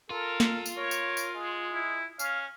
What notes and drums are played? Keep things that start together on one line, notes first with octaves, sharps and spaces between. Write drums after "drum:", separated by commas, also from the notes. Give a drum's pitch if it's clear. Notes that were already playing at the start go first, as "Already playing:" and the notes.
F4 A4 A#4
drum: snare
drum: tambourine
A#4 C#5
drum: tambourine
drum: tambourine
G#3
E4
C#4 F5, drum: tambourine